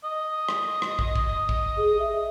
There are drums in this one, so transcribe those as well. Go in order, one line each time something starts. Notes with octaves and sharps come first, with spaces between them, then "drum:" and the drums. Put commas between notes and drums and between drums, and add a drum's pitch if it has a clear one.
D#5
drum: rim click
drum: rim click
drum: kick
drum: kick
drum: kick
G#4
E5